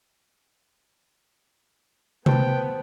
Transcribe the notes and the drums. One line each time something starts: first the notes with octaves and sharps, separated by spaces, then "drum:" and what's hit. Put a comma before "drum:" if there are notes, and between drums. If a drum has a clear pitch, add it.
B3 B4 C5 G5 A5, drum: tom C3